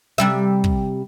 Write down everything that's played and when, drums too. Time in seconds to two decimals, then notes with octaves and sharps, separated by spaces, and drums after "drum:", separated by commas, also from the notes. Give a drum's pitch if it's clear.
0.18 C3 G3 E5
0.64 drum: kick